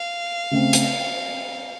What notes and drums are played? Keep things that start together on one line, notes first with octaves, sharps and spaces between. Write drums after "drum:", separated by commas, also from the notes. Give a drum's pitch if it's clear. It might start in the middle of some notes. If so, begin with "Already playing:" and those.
Already playing: F5
C#3 A3 C4
drum: hi-hat